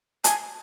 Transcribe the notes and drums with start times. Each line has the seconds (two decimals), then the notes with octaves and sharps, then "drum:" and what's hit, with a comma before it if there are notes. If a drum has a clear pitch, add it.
0.24 G#5 A5, drum: hi-hat